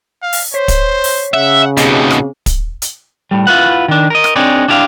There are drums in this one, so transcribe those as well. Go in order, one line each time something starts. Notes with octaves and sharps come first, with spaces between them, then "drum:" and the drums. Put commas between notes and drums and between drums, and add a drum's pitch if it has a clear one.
F5
drum: open hi-hat
C5 C#5 B6 C7
drum: kick, hi-hat
drum: open hi-hat
C#3 E5 F#5
D#2 B2 C4 G4 G#4, drum: hi-hat
drum: rim click
drum: kick, hi-hat
drum: hi-hat
A2 G3
E4 F4 B4 F#5
D#3 D4
A#4 D#5
drum: rim click
C4 D4 D#4 G#4 C#5 D5
D4 E4 G4 F5